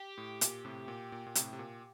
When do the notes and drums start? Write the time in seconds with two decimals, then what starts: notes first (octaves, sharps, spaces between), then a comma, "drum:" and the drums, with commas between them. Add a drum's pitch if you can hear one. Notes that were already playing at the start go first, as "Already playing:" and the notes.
Already playing: G4
0.18 A2
0.41 A#2, drum: hi-hat
0.65 A2 C3
0.88 A#2
1.12 A#2
1.27 A#2
1.35 A2 C3, drum: hi-hat
1.53 C3
1.59 A#2